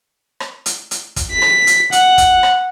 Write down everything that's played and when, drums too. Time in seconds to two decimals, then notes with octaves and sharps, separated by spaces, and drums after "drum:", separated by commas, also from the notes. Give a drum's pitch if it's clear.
0.40 drum: rim click
0.66 drum: hi-hat
0.91 drum: hi-hat
1.16 drum: kick, hi-hat
1.33 B6
1.42 drum: rim click
1.67 drum: hi-hat
1.92 F#5, drum: hi-hat
2.18 drum: kick, hi-hat
2.43 drum: rim click